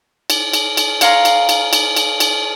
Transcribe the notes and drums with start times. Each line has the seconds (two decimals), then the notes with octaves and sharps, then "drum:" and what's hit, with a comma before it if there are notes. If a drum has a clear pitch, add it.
0.30 drum: cymbal
0.53 drum: cymbal
0.77 drum: cymbal
1.01 C#5 F5 A#5 C6, drum: cymbal
1.25 drum: cymbal
1.49 drum: cymbal
1.73 drum: cymbal
1.96 drum: cymbal
2.20 drum: cymbal